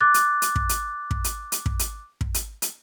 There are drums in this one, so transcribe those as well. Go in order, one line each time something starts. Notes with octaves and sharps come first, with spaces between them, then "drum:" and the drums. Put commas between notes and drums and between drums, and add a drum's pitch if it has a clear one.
D6 F#6 A6
drum: hi-hat
drum: hi-hat
drum: kick
drum: hi-hat
drum: kick
drum: hi-hat
drum: hi-hat
drum: kick
drum: hi-hat
drum: kick
drum: hi-hat
drum: hi-hat